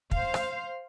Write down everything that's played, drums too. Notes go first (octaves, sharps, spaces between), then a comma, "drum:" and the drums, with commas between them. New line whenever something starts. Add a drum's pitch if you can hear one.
C5 F5, drum: kick
drum: rim click